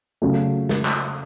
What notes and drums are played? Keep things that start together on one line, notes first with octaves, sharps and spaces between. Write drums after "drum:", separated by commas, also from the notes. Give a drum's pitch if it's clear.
C#3 F#3 A3
drum: snare
drum: clap